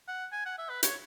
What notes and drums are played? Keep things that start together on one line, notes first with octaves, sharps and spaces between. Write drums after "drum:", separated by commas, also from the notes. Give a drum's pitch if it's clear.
F#5
G#5
F#5
E5
B4
C#5, drum: hi-hat